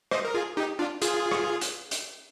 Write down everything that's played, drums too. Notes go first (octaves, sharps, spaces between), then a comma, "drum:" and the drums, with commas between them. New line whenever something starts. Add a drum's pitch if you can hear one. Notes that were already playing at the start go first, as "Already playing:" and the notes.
C5 D#5, drum: rim click
A#4
F4 G#4
D#4 G4
D4 F4
F4 G#4, drum: hi-hat
drum: rim click
drum: hi-hat
drum: hi-hat